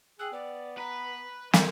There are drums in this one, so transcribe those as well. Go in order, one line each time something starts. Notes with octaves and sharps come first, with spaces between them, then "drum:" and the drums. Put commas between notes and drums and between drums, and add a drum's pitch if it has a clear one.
G#4 G5 E6 F#6
B3 D5
B4 A#5 B6
G#3 A4 A#4 C5 D#5 G#6, drum: snare